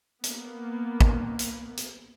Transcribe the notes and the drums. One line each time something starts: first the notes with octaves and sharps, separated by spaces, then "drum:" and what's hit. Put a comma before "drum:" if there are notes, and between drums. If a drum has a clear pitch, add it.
A#3 B3, drum: hi-hat
drum: kick G#1
drum: hi-hat
drum: hi-hat